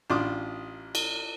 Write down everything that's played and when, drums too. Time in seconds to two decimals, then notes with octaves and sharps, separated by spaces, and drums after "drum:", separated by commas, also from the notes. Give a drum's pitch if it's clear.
0.10 A1 D4 F4 C6 D6 D#6
0.95 drum: cymbal